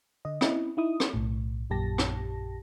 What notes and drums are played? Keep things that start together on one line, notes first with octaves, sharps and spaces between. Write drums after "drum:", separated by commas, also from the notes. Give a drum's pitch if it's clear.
D3 D#5
C4 C#4 E4 D#5, drum: rim click
D#4 E4 D#6
drum: rim click
B1 A2
A#1 F#2 A#2 G4 A5 A#6
drum: rim click